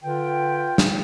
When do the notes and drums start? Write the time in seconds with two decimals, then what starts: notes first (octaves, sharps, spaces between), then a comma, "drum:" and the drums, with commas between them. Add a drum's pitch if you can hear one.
0.03 D3 F4 B4 G5
0.78 drum: snare